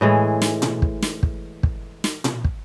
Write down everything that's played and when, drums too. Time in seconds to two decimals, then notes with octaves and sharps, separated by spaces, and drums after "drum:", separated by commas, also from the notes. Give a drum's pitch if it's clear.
0.01 A2 E3 G#3
0.42 drum: snare
0.62 drum: tom A#2
0.82 drum: kick
1.02 drum: snare
1.23 drum: kick
1.63 drum: kick
2.04 drum: snare
2.24 drum: tom A#2
2.44 drum: kick